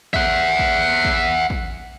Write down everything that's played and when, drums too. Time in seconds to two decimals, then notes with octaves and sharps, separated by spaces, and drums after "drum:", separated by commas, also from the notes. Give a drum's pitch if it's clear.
0.14 E5 F#5, drum: kick
0.59 drum: kick
1.05 drum: kick
1.50 drum: kick